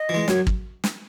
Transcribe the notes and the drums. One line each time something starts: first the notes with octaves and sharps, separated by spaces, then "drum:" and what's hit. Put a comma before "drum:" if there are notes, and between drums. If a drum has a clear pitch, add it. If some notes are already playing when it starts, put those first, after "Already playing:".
Already playing: D#5
E3 G#3
F#2 C#5, drum: snare
drum: kick
drum: snare